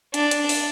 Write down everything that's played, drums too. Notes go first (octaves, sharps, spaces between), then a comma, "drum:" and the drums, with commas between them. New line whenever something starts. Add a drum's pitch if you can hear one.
D4, drum: hi-hat
drum: hi-hat
drum: open hi-hat